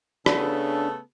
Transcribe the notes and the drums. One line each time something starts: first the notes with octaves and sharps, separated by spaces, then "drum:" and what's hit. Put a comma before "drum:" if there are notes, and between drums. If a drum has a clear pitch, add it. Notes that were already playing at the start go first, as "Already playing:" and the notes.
C#3 A3 B3 D4 A4, drum: rim click